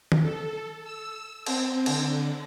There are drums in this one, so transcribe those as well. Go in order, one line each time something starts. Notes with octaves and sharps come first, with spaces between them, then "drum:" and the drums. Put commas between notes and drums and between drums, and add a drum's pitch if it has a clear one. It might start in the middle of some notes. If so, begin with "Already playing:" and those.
drum: tom D#3
A4
E6
C4, drum: cymbal
D3, drum: cymbal